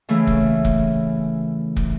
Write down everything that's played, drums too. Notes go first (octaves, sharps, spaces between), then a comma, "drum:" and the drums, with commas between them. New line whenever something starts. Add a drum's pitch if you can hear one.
C#3 E3 A3
drum: kick
drum: kick
drum: kick